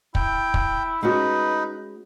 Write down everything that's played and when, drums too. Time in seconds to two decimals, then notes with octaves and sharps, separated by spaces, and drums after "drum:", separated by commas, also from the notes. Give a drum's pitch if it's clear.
0.15 E4 G5, drum: kick
0.54 drum: kick
1.03 G#3 C#4 D#4 F#4 B4